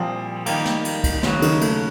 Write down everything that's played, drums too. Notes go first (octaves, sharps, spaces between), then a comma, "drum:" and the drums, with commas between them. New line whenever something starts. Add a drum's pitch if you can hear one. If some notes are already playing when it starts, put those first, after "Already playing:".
Already playing: A#2 F3 G3 C4 E4 G#4
D#3 G3 A#3, drum: cymbal
drum: snare
drum: cymbal
drum: kick, cymbal
D#2 C#3 F#3, drum: snare
D#3, drum: cymbal
A3, drum: cymbal